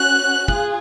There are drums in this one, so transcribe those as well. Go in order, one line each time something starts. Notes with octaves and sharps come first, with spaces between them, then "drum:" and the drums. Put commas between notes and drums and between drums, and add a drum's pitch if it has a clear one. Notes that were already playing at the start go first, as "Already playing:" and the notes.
Already playing: C#4 F#4 F#6
F4 G#4, drum: kick